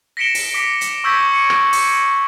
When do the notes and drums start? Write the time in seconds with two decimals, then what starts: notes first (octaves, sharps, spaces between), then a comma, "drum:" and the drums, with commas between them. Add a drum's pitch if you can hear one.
0.17 A#6 B6 C#7 D7 E7 G7
0.35 drum: open hi-hat
0.54 D6 B6
0.81 drum: hi-hat
1.04 C#6 E6 G6 G#6 B6
1.33 C#7
1.50 drum: rim click
1.73 drum: open hi-hat